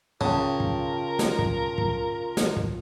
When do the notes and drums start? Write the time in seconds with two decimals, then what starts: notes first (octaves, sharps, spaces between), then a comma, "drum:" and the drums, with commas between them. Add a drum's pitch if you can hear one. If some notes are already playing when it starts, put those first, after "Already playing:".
0.21 C#3 F4 A#4 G5 A5, drum: kick
0.60 drum: kick
1.19 drum: snare
1.39 drum: kick
1.78 drum: kick
2.37 drum: snare
2.57 drum: kick